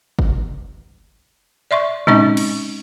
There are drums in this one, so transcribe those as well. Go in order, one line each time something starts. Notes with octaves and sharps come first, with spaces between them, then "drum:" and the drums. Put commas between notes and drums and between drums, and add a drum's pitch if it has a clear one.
drum: kick
D5 E5 C6 C#6
G#3 C4 C#4 D#4 D#5 C#6, drum: tom A2
drum: cymbal